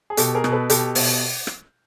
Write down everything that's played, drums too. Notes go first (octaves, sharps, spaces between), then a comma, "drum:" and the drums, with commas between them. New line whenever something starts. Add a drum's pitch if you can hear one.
G#4
B2 G4 A4, drum: hi-hat
G#4 A#4
B2, drum: rim click
A4 B4
B2 G4 A4, drum: hi-hat
B2, drum: open hi-hat
drum: rim click